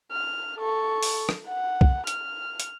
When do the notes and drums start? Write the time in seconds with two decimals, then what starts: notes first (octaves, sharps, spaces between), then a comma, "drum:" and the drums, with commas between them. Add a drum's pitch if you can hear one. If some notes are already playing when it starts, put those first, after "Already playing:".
0.12 F6
0.58 A4 C#6
1.03 drum: open hi-hat
1.29 drum: rim click
1.48 F#5
1.81 drum: kick C2
2.07 F6, drum: hi-hat
2.60 drum: hi-hat